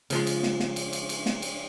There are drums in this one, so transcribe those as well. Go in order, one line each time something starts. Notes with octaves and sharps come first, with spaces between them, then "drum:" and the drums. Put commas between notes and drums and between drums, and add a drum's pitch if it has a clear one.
C#3 F3 G#3, drum: cymbal
drum: cymbal
drum: snare
drum: snare
drum: cymbal
drum: cymbal
drum: cymbal
drum: snare
drum: cymbal